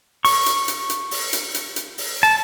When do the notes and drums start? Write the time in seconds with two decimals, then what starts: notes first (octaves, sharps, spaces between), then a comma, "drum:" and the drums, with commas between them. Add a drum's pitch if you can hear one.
0.25 C#6, drum: open hi-hat
0.46 drum: hi-hat
0.68 drum: hi-hat
0.90 drum: hi-hat
1.11 drum: open hi-hat
1.33 drum: hi-hat
1.54 drum: hi-hat
1.76 drum: hi-hat
1.98 drum: open hi-hat
2.23 A5